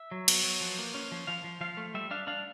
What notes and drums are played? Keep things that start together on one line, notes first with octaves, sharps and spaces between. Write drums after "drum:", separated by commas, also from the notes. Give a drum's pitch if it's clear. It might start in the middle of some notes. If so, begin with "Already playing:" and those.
Already playing: E5
F#3
B3, drum: cymbal
F#3
F3
A#3
C#4
F3
F3 F5
F3
F3 F5
A3
G3 E5
D4 F5
D4 F5